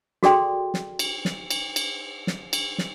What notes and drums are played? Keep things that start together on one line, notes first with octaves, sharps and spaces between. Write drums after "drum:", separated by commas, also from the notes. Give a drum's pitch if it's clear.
F#4 G#4 A4 D5 G5 C6, drum: snare
drum: snare
drum: cymbal
drum: snare
drum: cymbal
drum: cymbal
drum: snare
drum: cymbal
drum: snare